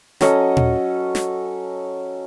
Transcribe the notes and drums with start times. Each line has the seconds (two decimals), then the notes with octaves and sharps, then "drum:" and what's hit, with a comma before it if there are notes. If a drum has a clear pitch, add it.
0.21 F#3 C#4 A4 D#5, drum: snare
0.57 drum: tom A#2
1.15 drum: snare